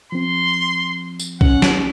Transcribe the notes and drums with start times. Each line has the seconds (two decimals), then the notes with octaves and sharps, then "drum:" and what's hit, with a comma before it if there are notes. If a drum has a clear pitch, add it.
0.12 F3 C4 C6
1.20 drum: tambourine
1.41 C#4 F#5, drum: kick
1.62 drum: snare